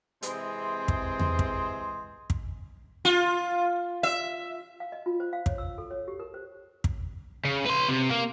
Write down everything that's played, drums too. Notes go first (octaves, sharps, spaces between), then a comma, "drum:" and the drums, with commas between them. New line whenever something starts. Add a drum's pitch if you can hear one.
C3 E3 G#3 C4 G#4 C5, drum: hi-hat
drum: kick
drum: tom E2
drum: kick
drum: kick
F4
E5
F5
D#5
F4
C5
F5
C#5, drum: kick
E6
A4
C#5
G4
A#4
C5
drum: kick
C#3
B4 C6
C3
A#3